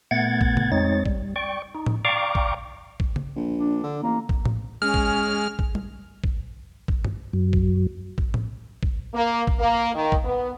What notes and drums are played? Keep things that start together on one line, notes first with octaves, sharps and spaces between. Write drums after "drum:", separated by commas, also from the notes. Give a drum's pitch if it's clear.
A#2 A3 B3 F#5 G#6 A6
drum: kick
drum: tom C#3
F2 G#3 C4 D#4 C#5 A6
G3, drum: kick
D5 G5 C#6
D#4
drum: tom A2
D5 F5 G5 A#5 C#6 D6
drum: kick
drum: kick
drum: tom C#3
A#1
D4
D3
A1 A#3
drum: kick
drum: tom A2
G#3 C#4 F6
drum: kick
drum: kick
drum: tom G3
drum: kick
drum: kick
drum: tom G2
F#2
drum: kick
drum: kick
drum: tom A2
drum: kick
A#3
drum: kick
A#3
D#3
drum: kick
B3